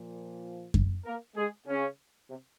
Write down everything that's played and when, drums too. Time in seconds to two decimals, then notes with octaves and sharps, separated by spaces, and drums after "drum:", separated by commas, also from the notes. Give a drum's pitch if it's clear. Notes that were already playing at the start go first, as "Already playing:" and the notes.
Already playing: A#2 F3
0.74 drum: kick F#2
1.05 A#3 A#4
1.36 G#3 G#4
1.66 C#3 C#4
2.28 C3